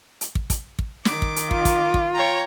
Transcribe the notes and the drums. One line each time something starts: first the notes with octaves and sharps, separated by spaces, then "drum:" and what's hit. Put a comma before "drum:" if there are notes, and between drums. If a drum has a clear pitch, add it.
drum: hi-hat
drum: kick
drum: kick, hi-hat
drum: kick
D#3 D6, drum: snare
drum: kick
drum: hi-hat
F4, drum: kick
drum: kick, hi-hat
drum: kick
C#5 G5 A#5